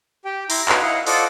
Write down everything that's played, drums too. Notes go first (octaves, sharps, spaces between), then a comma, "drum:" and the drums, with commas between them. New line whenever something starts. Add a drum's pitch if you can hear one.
G4 G5
E4 A#5 C6, drum: open hi-hat
D#4 F#4 B4 C#5 F5, drum: clap
E4 D#5 F5 F#5
F4 A4 C5 D5 D#5 F#5, drum: open hi-hat